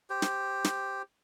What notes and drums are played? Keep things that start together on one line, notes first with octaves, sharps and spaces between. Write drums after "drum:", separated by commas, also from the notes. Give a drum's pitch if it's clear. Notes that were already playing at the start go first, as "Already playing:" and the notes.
G4 C5
drum: snare
drum: snare